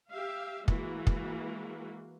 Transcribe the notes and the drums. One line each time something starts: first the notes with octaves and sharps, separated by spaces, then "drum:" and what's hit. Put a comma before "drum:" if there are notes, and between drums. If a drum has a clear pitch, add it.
G4 E5 F5
E3 G#3 A#3 F#4, drum: kick
drum: kick